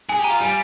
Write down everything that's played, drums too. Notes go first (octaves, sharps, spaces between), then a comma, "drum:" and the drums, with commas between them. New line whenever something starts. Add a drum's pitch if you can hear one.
G#4 G#5, drum: hi-hat
G4
A#5
F4
G3 G#5, drum: hi-hat